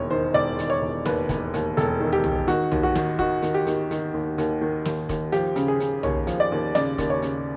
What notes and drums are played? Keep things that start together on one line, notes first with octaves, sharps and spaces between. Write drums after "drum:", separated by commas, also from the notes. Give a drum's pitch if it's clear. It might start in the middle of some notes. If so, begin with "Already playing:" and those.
Already playing: E1 D#2 C#5
D#3 C5
E1 D5
D#3, drum: hi-hat
C#5
E1
D#2 B4, drum: snare
E1, drum: kick, hi-hat
D#2, drum: hi-hat
E1 A4, drum: hi-hat
D#3
G4
D#3, drum: tom B1
D#3 F#4, drum: hi-hat
D#2, drum: tom B1
F#4
D#3, drum: snare
D#3 F#4, drum: kick
D#3, drum: hi-hat
G4
D#3, drum: hi-hat
D#3, drum: hi-hat
D#2
D#2, drum: hi-hat
D#3
D#2, drum: snare
D#2, drum: kick, hi-hat
F3 G4, drum: hi-hat
C#3, drum: hi-hat
G#4
C#3, drum: hi-hat
D#2 C#5, drum: tom B1
F3, drum: hi-hat
D5
D#2
C#3 D5, drum: snare
D#2, drum: kick, hi-hat
C#5
C#3, drum: hi-hat